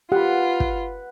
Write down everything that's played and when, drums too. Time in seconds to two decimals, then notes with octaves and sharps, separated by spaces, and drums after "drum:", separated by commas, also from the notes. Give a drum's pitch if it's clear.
0.12 F4 G4 B4 F#5
0.60 drum: kick